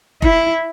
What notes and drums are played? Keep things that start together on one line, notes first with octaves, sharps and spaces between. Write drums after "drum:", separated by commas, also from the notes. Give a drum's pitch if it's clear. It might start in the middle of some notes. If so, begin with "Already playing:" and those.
E4, drum: kick F1